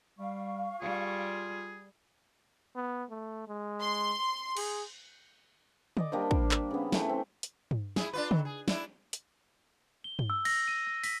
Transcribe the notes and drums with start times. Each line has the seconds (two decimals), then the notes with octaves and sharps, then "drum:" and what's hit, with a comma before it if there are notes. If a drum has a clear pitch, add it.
0.19 G3 F5 C#6
0.81 G3 F4 G#4
2.76 B3
3.10 A3
3.48 G#3
3.81 C6
4.57 G#4, drum: cymbal
5.97 D5 D#5 D6, drum: tom D3
6.12 G3 A#3 D4 C5
6.31 D4, drum: kick
6.51 drum: clap
6.71 C#3 B3
6.92 E3 A3 C5, drum: snare
7.09 C4
7.43 drum: hi-hat
7.71 drum: tom
7.96 E4 G#4, drum: snare
8.13 D4 F4 B4
8.31 D#3, drum: tom
8.45 G#4
8.68 D4 E4, drum: snare
9.13 drum: hi-hat
10.04 G7
10.19 drum: tom
10.30 E6
10.45 A#6, drum: cymbal
10.68 D#7
10.87 A#6
11.04 B6, drum: open hi-hat